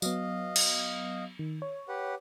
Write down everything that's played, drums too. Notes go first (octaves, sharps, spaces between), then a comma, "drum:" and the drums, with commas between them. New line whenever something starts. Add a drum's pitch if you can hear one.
F#3 B3 D#5 F5, drum: tambourine
drum: cymbal
D#3
C#5
G4 B4 F#5